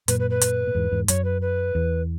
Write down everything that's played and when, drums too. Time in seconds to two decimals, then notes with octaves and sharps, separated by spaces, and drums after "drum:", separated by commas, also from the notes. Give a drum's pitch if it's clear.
0.08 F#2 A#2 B4, drum: hi-hat
0.19 B4
0.30 B4
0.41 drum: hi-hat
0.67 A#2
0.75 E2 G#2
0.91 E2 G#2
1.08 F#2 C#5, drum: hi-hat
1.25 B4
1.42 B4
1.75 E2